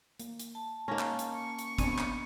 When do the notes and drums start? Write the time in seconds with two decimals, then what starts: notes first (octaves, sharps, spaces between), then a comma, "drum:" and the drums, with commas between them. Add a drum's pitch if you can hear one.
0.20 A#3, drum: hi-hat
0.39 drum: hi-hat
0.55 A5
0.88 A#3 C#4 D#4 A#5
0.99 drum: clap
1.19 drum: hi-hat
1.34 C#6
1.59 drum: hi-hat
1.78 B3 C4 D4 G#5, drum: kick, hi-hat
1.98 drum: clap